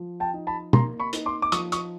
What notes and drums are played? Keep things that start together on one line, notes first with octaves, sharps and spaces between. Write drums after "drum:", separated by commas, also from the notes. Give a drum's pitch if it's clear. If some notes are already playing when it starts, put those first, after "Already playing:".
Already playing: F3
G5 A5
D#4
A5 B5
A#3 A#5 C6, drum: tom
B5 C#6
D#4, drum: hi-hat
C6 D6
D6
F3 C#6 D#6, drum: hi-hat
C#6 D#6, drum: hi-hat